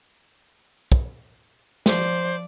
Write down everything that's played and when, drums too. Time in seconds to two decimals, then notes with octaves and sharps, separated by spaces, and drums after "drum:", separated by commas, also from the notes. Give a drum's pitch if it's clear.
0.92 drum: kick
1.86 F3 C5 D5, drum: snare